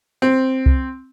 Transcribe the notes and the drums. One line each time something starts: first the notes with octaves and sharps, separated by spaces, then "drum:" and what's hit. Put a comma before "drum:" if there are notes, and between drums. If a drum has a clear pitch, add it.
C4
drum: kick C2